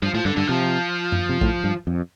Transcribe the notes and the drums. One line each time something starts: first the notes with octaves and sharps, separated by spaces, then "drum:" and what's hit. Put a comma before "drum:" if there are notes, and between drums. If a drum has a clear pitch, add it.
G2 F3
A2 F3
G2 D3
G2 D3
C3 F3
drum: tom F#2
C3
A2, drum: kick A#1
G2
F2